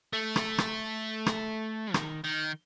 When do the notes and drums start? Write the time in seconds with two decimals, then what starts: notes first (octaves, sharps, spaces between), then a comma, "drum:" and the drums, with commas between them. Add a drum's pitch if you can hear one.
0.13 A3
0.36 drum: rim click
0.58 drum: rim click
1.26 drum: rim click
1.94 D#3, drum: rim click
2.24 D#3